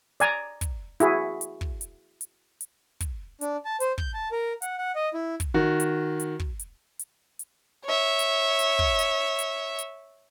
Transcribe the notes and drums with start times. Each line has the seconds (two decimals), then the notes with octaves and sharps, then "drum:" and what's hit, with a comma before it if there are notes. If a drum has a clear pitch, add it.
0.20 D5 G#5 A#5, drum: hi-hat
0.61 drum: kick, hi-hat
1.00 E4 F#4 G#4, drum: hi-hat
1.41 drum: hi-hat
1.61 drum: kick
1.81 drum: hi-hat
2.21 drum: hi-hat
2.61 drum: hi-hat
3.00 drum: kick, hi-hat
3.41 D4, drum: hi-hat
3.65 A5
3.80 C5, drum: hi-hat
3.98 G6, drum: kick
4.14 A5
4.32 A#4
4.62 F#5, drum: hi-hat
4.78 F#5
4.96 D#5
5.14 E4
5.40 drum: kick, hi-hat
5.54 D#3 F#4
5.80 drum: hi-hat
6.20 drum: hi-hat
6.40 drum: kick
6.59 drum: hi-hat
6.99 drum: hi-hat
7.39 drum: hi-hat
7.85 C#5 E5
8.19 drum: hi-hat
8.59 drum: hi-hat
8.79 drum: kick
8.99 drum: hi-hat
9.39 drum: hi-hat
9.79 drum: hi-hat